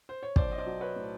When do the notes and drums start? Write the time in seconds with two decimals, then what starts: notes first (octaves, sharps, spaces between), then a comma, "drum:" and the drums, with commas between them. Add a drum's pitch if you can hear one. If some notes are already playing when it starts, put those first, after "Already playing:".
0.09 C5
0.23 C#5
0.36 B1 C5 D5, drum: kick
0.52 D#5
0.58 C5 D5
0.66 F#3
0.81 B4 C#5
0.96 A2